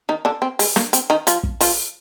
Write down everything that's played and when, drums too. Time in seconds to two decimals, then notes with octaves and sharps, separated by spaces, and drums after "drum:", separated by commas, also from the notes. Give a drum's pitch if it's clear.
0.09 D#3 D#4
0.25 D3 D4
0.42 C4
0.59 G#3, drum: open hi-hat
0.76 A#3, drum: snare
0.93 C4, drum: hi-hat
1.10 D#3 D#4
1.27 F3 F4, drum: hi-hat
1.43 drum: kick
1.61 F3 F4, drum: open hi-hat